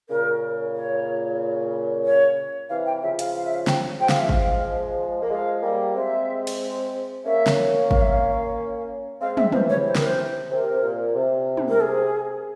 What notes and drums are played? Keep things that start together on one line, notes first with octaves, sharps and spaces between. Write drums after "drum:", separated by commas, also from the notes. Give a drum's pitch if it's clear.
A#2 C#3 A#4
C#5
C#5
C3 E3 F5
G5
C#3 F3 E5
F5, drum: hi-hat
F5
E5
F5
G5, drum: snare
F3 G#3 G5
F5, drum: snare
E5
F5, drum: kick G#1
A#3
F3 G#3 F5
G3 A#3
G#3 C4 E5
drum: cymbal
A#3 C#4 E5
drum: snare
F5, drum: kick G#1
E5
F5
G#3 C4 F5
E5, drum: tom
C3 E3 C5, drum: tom
C#5
C5
A#4, drum: snare
C5
C3 A#4
C3
A#2
C3
drum: tom
A#4
G#4